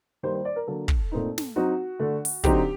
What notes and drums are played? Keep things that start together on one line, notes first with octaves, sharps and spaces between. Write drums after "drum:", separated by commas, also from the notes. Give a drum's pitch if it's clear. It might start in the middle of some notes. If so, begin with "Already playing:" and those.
D#3 G3 A#3 C5
C5
D5
A#4
D3 F#3 A#3 A4
drum: kick
A#2 A3 C4 D#4
drum: snare
F#3 C4 D#4 F#4
D3 A3 D4
drum: open hi-hat
D3 F#3 C4 D#4 G4, drum: kick